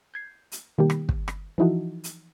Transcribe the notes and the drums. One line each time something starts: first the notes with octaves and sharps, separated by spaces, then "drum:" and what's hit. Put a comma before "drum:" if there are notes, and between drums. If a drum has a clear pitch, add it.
G6 G#6 C7
drum: hi-hat
B2 D#3 G3 A#3 G4
drum: rim click
drum: kick
drum: rim click
E3 F3 D#4 E4 F#4 A4
drum: hi-hat